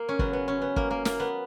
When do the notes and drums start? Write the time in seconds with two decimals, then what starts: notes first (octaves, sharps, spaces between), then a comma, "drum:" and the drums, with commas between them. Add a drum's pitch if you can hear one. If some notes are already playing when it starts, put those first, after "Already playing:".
Already playing: A#3
0.09 C#4
0.19 C#3 F#3 B3, drum: kick F#1
0.33 B3
0.48 C#4
0.62 B3
0.76 A#3, drum: kick F#1
0.90 A#3
1.05 A#3, drum: snare
1.20 B3